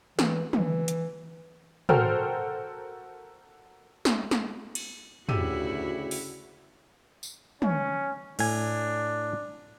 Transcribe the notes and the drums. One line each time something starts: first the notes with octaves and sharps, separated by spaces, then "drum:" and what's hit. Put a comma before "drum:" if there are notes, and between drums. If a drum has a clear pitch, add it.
E3, drum: snare
E3, drum: tom
drum: hi-hat
F#4 A4 A#4 C5 G5 F6, drum: tom
drum: snare
drum: snare
drum: cymbal
D2 C#3 E4 F#4 G4 E6 D#7, drum: tom
drum: open hi-hat
drum: tambourine
C#4, drum: tom
A2 D4 G#5, drum: cymbal